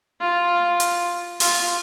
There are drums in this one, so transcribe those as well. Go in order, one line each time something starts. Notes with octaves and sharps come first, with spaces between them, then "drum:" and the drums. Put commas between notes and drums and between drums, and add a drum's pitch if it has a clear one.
F4
drum: hi-hat
F4, drum: open hi-hat